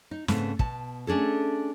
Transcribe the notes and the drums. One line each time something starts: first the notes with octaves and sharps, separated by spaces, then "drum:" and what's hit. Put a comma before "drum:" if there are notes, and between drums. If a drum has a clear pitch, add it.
D#4
G#2 C#3 A3 B3 C4, drum: snare
B2 A5, drum: kick
A3 C#4 D4 G#4 A4